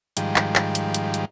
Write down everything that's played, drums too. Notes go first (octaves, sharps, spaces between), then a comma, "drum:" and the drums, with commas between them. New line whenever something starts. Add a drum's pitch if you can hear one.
G#2 D#3 F3 G3, drum: hi-hat
drum: clap
drum: clap
drum: hi-hat
drum: hi-hat
drum: hi-hat